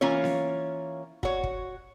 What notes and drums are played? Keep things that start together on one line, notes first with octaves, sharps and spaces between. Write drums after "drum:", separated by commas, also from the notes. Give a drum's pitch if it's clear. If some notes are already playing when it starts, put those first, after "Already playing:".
E3 A#3 C#4 F4 C#5
drum: snare B3
F#4 C#5, drum: kick
drum: kick